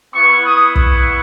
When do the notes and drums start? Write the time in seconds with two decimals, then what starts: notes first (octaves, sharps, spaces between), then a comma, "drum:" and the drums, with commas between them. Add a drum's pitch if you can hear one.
0.14 B3 E4 C#6
0.45 D#6
0.75 C#6, drum: kick